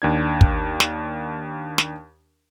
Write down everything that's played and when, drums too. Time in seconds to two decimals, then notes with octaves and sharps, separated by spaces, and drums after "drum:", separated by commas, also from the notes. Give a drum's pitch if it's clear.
0.02 D#2 D4 G#6
0.41 drum: kick
0.80 drum: snare
1.78 drum: snare